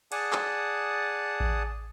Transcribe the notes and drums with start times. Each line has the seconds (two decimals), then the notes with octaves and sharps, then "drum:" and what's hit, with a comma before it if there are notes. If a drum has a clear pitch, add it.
0.12 G#4 D5 F#5 A5 D#6, drum: cymbal
0.33 drum: clap
1.40 drum: kick A1